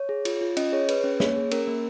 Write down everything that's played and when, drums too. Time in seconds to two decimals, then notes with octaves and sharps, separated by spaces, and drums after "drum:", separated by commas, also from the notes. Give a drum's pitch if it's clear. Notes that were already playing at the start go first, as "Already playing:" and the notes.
Already playing: C#5
0.09 G#4
0.25 F4, drum: cymbal
0.41 F4
0.57 C#4 D#5, drum: cymbal
0.73 G#4 C#5
0.89 G#4 B4, drum: cymbal
1.04 C#4
1.20 A#3 C#5, drum: snare
1.36 G#4
1.51 C#4 A#4, drum: cymbal
1.67 A#3